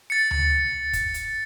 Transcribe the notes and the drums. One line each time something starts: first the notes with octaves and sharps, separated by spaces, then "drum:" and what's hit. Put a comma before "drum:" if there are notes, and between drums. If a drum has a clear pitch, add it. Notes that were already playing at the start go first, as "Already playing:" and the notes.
A6 C#7
drum: tom D2
drum: kick, hi-hat
drum: hi-hat